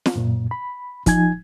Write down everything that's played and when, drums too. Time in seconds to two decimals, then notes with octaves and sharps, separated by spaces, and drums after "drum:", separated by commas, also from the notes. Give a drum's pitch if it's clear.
0.06 drum: snare
0.15 F#2 A#2
0.51 B5
1.06 F3 D#4 G#5 G#6, drum: kick, hi-hat